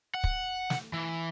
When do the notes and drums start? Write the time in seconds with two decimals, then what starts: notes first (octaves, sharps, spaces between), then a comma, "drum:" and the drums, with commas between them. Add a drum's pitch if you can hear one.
0.15 F#5
0.24 drum: kick
0.70 drum: snare
0.93 E3